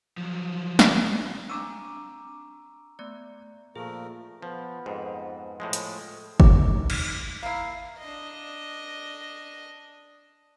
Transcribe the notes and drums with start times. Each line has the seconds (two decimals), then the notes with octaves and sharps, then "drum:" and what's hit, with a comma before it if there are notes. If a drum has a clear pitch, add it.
0.17 F3 F#3
0.79 drum: snare
1.50 C4 D4 G#5 A#5 C#6 D6 E6 D#7
2.99 A3 B3 D5
3.76 A#2 F3 A3 G#4 A#4
4.42 F3 B3
4.86 F2 G#2
5.60 A2 F3 G#3
5.73 drum: hi-hat
6.40 D#4 D6, drum: kick F#1
6.90 drum: cymbal
7.43 A#3 E4 F5 A#5
7.98 D4 D#5